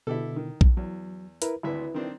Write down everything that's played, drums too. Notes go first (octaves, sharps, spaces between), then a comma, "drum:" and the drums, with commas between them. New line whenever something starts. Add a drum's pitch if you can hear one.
B2 D3 E4 G4 A4
D#3
drum: kick A#1
E2 F#3
E4 A#4 B4, drum: hi-hat
G#1 D2 E4 B4 E5
D#3 C4 D4